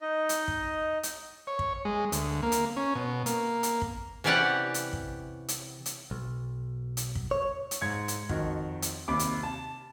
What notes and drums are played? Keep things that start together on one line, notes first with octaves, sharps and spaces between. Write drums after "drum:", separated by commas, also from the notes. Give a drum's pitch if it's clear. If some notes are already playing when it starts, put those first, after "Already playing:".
D#4 D#5
drum: hi-hat
drum: kick
drum: hi-hat
C#5
drum: kick
G#3
D2, drum: hi-hat
A#3
drum: hi-hat
C#4
B2
A#3, drum: hi-hat
drum: hi-hat
drum: kick
C3 E3 C#4 G4 D5 F#5
drum: hi-hat
drum: kick
drum: hi-hat
drum: hi-hat
B1
drum: hi-hat
drum: kick
C#5
drum: hi-hat
G#2 G#6 C#7
drum: hi-hat
F2 D#3 F#4, drum: kick
drum: hi-hat
D#2 C3 B5 D6
drum: hi-hat
A5